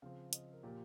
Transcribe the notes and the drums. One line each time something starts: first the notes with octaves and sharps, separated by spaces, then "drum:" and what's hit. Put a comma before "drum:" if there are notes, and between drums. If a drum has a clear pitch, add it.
C#3 F3 C4 F5
D#5, drum: hi-hat
A#4
A#2 F3 A#3 G4